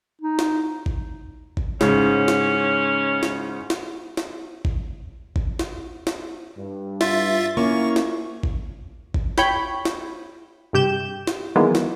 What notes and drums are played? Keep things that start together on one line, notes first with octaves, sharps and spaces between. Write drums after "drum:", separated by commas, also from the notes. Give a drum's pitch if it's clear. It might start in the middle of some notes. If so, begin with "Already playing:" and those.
D#4
drum: snare
drum: kick
drum: kick
G#2 C#3 C#4, drum: snare
drum: snare
drum: snare
drum: snare
drum: snare
drum: kick
drum: kick
drum: snare
drum: snare
G2
F4 E5 A6, drum: snare
A#3 C#4 E4 F4 C#6
drum: snare
drum: kick
drum: kick
C#5 G5 B5 G6, drum: snare
drum: snare
G2 C3 G4 G6 E7
drum: snare
D#3 E3 F#3 G#3 A#3 B3
drum: snare